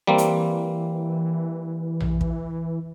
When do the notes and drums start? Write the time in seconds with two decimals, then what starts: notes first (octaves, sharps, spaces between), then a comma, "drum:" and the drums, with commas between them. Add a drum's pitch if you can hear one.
0.07 E3 G3 A#3 C4
0.18 drum: hi-hat
2.00 drum: tom A#1
2.21 drum: kick